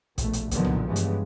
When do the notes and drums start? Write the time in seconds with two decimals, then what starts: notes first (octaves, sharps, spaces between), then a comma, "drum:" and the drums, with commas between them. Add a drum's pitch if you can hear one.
0.18 A#1 B2 A3, drum: kick, hi-hat
0.33 drum: hi-hat
0.51 A#2 D3 D#3 F3 F#3 B3, drum: kick, hi-hat
0.65 drum: tom
0.86 G2 C#3 E3 G#3 B3
0.96 drum: hi-hat